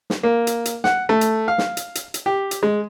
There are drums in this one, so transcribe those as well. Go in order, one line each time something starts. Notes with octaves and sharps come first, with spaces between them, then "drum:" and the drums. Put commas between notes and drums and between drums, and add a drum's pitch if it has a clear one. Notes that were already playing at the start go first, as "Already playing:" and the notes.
drum: snare
A#3
drum: hi-hat
drum: hi-hat
F#5, drum: snare
A3
drum: hi-hat
F5
drum: snare
drum: hi-hat
drum: hi-hat
drum: hi-hat
G4
drum: hi-hat
G#3